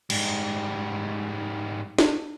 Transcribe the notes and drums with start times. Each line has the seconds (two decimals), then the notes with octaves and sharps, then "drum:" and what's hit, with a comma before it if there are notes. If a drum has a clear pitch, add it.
0.10 G#2 G3, drum: cymbal
1.98 drum: snare